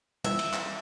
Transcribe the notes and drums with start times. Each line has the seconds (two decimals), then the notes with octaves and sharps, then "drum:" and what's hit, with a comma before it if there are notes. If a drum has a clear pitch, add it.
0.24 E5, drum: tom G3
0.39 drum: cymbal
0.53 drum: clap